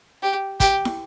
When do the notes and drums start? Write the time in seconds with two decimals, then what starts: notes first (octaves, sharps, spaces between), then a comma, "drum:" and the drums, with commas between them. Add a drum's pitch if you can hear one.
0.23 G4
0.60 G4, drum: kick, hi-hat
0.85 drum: snare